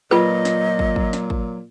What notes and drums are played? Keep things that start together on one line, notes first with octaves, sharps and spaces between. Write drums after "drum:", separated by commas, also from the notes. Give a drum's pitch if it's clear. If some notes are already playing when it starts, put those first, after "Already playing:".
A#2 F#3 F4 B4 D#5
drum: snare
drum: kick
drum: kick
drum: snare
drum: kick